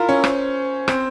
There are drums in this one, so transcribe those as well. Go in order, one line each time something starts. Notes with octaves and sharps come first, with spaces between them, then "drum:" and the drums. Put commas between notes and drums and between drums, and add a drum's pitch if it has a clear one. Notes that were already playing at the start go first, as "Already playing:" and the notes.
Already playing: E4 F4 A#4
C#4
C5, drum: rim click
C4, drum: rim click